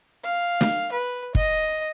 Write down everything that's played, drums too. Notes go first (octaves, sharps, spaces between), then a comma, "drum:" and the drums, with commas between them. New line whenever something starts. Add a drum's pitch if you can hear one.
F5
drum: snare
B4
D#5, drum: kick